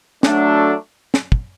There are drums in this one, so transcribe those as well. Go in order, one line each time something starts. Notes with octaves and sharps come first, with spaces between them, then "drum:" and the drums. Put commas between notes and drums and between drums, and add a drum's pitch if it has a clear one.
F#3 A3 D4, drum: snare
drum: snare
drum: kick